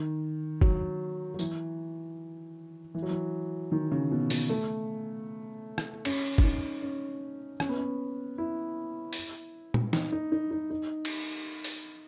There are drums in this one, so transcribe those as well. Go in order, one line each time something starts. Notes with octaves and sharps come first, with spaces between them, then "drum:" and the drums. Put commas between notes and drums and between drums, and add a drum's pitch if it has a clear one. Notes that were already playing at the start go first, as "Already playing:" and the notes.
Already playing: D#3
F#3, drum: kick
F#3
E3, drum: tambourine
E3
F#3
E3
D#3
C#3
B2
B2, drum: open hi-hat
A3
drum: rim click
C#4, drum: cymbal
C#4, drum: kick
D#4
C#4
C#4, drum: rim click
B3
C#4
E4
drum: open hi-hat
drum: tom
D#4, drum: snare
D#4
D#4
D#4
D#4
drum: cymbal
drum: open hi-hat